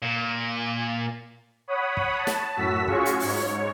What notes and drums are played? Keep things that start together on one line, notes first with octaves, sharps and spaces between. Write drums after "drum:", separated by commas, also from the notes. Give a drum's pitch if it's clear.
A#2
C#5 F#5 B5 D#6
drum: kick
A5
drum: snare
F#2 A2 F#4 E6 B6
C#4 F4 F#4 G#4 C#6, drum: kick
drum: hi-hat
G#2 C#5, drum: open hi-hat